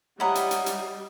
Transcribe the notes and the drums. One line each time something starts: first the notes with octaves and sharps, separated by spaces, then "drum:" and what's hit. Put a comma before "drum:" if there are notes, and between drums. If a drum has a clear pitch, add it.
G3 E4 C#5 D#5 F#5 A#5
drum: hi-hat
drum: hi-hat
drum: hi-hat